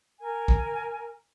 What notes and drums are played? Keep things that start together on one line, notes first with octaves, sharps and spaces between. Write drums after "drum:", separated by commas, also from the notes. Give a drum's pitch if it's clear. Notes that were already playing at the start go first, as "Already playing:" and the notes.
A#4 G#5
drum: kick